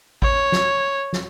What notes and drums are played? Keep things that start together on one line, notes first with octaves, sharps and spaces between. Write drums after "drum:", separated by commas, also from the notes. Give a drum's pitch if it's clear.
C#5, drum: kick A1
drum: snare
drum: snare